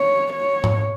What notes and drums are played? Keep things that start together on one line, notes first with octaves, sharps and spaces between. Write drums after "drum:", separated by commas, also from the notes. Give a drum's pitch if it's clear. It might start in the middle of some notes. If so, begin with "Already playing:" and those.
Already playing: C#5
C#5
drum: tom G#2